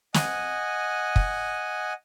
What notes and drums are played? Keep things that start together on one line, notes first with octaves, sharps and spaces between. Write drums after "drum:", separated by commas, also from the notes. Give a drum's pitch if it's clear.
D#5 F#5 G#5, drum: snare
drum: kick